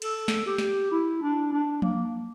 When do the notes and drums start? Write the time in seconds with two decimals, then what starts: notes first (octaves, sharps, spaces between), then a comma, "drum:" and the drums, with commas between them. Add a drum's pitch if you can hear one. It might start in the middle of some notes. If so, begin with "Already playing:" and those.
0.02 A4, drum: cymbal
0.28 drum: snare
0.46 G4
0.58 drum: snare
0.92 E4
1.22 D4
1.52 D4
1.82 A#3, drum: tom F3